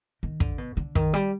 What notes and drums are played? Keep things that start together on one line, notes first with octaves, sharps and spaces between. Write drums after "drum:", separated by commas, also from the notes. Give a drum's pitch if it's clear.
D#3
D3, drum: kick
B2
D3
D#3, drum: kick
G3